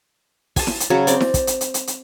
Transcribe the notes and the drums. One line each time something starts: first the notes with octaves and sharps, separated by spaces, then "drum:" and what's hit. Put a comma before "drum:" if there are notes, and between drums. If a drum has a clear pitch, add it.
G#5 A5, drum: kick, open hi-hat
drum: snare E4
drum: hi-hat
C#3 F#3 C#4
C4 D5, drum: hi-hat
drum: snare E4
drum: kick, hi-hat
drum: hi-hat
drum: hi-hat
drum: hi-hat
drum: hi-hat